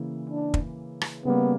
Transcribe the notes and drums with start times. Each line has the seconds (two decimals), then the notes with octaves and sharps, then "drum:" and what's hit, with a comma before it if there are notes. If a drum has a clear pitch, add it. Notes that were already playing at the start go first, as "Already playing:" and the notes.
Already playing: C#3 E3 A#3 E4
0.30 D4
0.54 drum: kick
1.01 drum: rim click
1.25 C#3 G3 A#3 B3